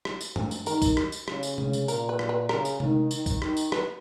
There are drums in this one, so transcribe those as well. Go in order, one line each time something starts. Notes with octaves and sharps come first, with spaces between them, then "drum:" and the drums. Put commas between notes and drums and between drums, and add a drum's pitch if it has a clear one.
drum: rim click
drum: tambourine
drum: tom G2
drum: tambourine
D#3 A#4, drum: tambourine
drum: kick B1, tambourine
drum: rim click
drum: tambourine
C#3, drum: rim click
drum: tambourine
drum: tom C3
drum: tambourine
A#2 A#4, drum: tambourine
B4
drum: rim click
B4
C#3 A#4, drum: rim click
drum: tambourine
D#3, drum: tom C3
D#3, drum: tambourine
drum: kick B1, tambourine
D#3, drum: rim click
drum: tambourine
B4, drum: rim click